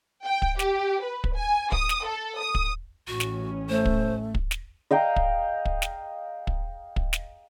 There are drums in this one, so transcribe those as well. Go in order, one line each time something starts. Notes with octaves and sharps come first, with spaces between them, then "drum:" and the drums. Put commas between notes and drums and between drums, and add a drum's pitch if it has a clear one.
G5
drum: kick
G4, drum: snare
B4
drum: kick
G#5
D#6, drum: kick
drum: snare
A4
D#6
drum: kick
A1 A2 C#4 F#4
drum: snare
A3 C5
drum: kick
drum: kick
drum: snare
D#5 F5 G5 A#5
drum: kick
drum: kick
drum: snare
drum: kick
drum: kick
drum: snare